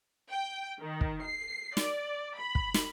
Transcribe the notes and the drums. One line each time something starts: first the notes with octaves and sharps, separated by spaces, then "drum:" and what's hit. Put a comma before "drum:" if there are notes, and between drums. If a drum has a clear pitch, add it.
G5
D#3
drum: kick
C7
D5, drum: snare
B5
drum: kick
drum: snare